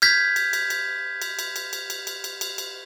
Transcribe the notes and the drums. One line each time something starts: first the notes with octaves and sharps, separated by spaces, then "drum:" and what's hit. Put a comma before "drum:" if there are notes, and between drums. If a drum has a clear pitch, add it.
F6 G6 G#6 B6, drum: cymbal
drum: cymbal
drum: cymbal
drum: cymbal
drum: cymbal
drum: cymbal
drum: cymbal
drum: cymbal
drum: cymbal
drum: cymbal
drum: cymbal
drum: cymbal
drum: cymbal